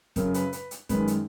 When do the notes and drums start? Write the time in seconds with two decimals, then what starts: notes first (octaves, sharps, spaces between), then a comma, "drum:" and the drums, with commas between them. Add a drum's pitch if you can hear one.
0.16 F#2 C#3 F#3 A#4, drum: kick D#1, hi-hat
0.34 B4, drum: hi-hat
0.53 B4, drum: hi-hat
0.71 drum: hi-hat
0.89 F#2 D#3 G#3 B4, drum: kick D#1, hi-hat
1.07 drum: hi-hat